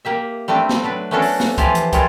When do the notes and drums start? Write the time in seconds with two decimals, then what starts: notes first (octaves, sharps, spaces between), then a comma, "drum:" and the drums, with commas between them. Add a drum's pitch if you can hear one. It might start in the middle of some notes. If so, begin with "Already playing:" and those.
0.05 A#3 G4 E5
0.48 G3 A3 C4 D4
0.69 drum: snare
0.84 F#3 D4 B4
1.11 A3 B3 C#4 D4 F#4 A4
1.22 drum: open hi-hat
1.40 drum: snare
1.58 E3 F3 F4 G4 F5 G#5, drum: kick, hi-hat
1.75 drum: hi-hat
1.93 G3 G#3 E4 F4 A#4 C#5, drum: kick, hi-hat